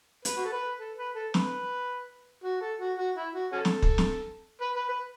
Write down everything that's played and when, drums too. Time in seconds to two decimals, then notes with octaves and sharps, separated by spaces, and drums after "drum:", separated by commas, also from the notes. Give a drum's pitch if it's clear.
0.25 B4, drum: hi-hat
0.37 F#4
0.45 A4
0.52 B4
0.80 A4
0.97 B4
1.15 A4
1.34 B4, drum: snare
2.44 F#4
2.61 A4
2.80 F#4
2.98 F#4
3.16 E4
3.34 F#4
3.52 C#4 F#4 A4
3.65 drum: snare
3.82 drum: kick
3.98 drum: snare
4.61 B4
4.76 B4
4.89 B4